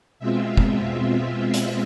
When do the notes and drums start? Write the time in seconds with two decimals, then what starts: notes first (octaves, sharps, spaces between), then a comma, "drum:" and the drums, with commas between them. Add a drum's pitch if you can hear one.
0.19 B2 G#3 C4 F4 E5
0.57 drum: kick
1.54 drum: hi-hat